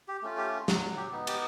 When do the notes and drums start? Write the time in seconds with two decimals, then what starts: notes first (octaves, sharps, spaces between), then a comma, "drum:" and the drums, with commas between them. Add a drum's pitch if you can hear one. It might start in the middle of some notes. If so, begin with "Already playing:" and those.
0.08 G4
0.23 A3 C#4 F4
0.38 G4
0.68 F#3 F#4, drum: snare
0.97 G4
1.12 B3 D#4
1.27 G4, drum: cymbal